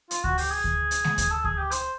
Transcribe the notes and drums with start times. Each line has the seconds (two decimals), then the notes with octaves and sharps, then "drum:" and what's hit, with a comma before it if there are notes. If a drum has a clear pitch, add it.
0.11 F4, drum: hi-hat
0.24 F#4, drum: kick D2
0.38 G4, drum: open hi-hat
0.51 G#4
0.64 drum: kick D2
0.91 drum: hi-hat
1.04 drum: snare G#3
1.18 drum: kick D2, hi-hat
1.31 A4
1.44 G#4, drum: kick D2
1.58 G4
1.71 C5, drum: hi-hat